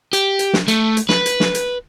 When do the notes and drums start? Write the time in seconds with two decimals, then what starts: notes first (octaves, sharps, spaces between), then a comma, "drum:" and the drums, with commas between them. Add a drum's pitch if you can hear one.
0.13 G4, drum: hi-hat
0.39 drum: hi-hat
0.53 drum: snare
0.68 A3, drum: hi-hat
0.97 drum: hi-hat
1.09 B4, drum: snare
1.26 drum: hi-hat
1.40 drum: snare
1.55 drum: hi-hat